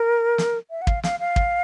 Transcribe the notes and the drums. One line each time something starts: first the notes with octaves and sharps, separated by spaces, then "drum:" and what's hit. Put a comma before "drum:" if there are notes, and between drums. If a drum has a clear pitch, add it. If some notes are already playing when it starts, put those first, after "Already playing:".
Already playing: A#4
drum: snare
E5
F#5
F5, drum: kick
F5, drum: snare
F5
drum: kick